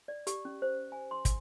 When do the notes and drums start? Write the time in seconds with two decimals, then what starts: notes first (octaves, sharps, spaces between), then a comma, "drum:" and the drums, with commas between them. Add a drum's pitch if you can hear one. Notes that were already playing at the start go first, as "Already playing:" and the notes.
0.08 D5
0.27 G4, drum: hi-hat
0.45 C#4
0.62 C5
0.92 G#5
1.11 C6
1.25 drum: kick, hi-hat